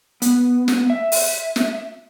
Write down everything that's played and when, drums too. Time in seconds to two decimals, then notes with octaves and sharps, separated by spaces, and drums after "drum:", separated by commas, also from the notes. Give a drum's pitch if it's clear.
0.22 B3, drum: hi-hat
0.68 drum: snare
0.90 E5
1.12 drum: open hi-hat
1.56 drum: snare